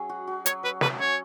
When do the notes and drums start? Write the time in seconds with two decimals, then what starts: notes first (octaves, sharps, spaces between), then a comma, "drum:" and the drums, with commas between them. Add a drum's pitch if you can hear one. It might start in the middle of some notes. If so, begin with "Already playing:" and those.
Already playing: F#3 C#4 G#4
0.09 F#4
0.27 F#4
0.46 F#3 C#5, drum: hi-hat
0.63 F#3 B4
0.81 F#4 B4, drum: snare
0.99 C#4 C#5